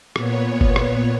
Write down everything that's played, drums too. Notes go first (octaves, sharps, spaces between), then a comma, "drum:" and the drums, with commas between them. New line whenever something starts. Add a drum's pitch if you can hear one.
A#2 B3 C#5, drum: rim click
drum: kick G1
drum: rim click